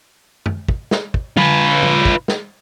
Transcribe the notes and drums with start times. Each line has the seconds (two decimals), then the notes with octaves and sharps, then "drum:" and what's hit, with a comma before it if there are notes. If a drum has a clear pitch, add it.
0.46 drum: tom F#2
0.69 drum: kick
0.91 drum: snare
1.14 drum: kick
1.37 F4 B4, drum: tom
1.83 drum: tom
2.05 drum: kick
2.28 drum: snare